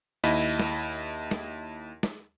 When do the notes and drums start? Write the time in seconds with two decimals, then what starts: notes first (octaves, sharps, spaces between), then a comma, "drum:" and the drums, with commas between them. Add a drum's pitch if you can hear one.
0.24 D#2 E4 D#5 B5 B6
0.59 drum: snare
1.31 drum: snare
2.03 drum: snare